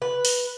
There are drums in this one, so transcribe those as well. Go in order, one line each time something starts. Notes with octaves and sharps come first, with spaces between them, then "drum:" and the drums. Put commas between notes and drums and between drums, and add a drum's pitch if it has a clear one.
B4
drum: open hi-hat